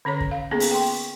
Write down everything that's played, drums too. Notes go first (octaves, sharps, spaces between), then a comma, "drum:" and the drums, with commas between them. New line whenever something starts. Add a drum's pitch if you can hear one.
D3 C#4 A4 C#5
drum: kick
F5
A#3 B3 C#4 G#4 A4
drum: open hi-hat
G5 C6